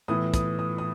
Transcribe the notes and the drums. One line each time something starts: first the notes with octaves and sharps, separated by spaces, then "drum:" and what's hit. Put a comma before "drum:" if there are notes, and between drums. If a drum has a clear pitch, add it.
A2 E3 B3 E4 D#6
D#6, drum: kick, hi-hat
D#6
D#6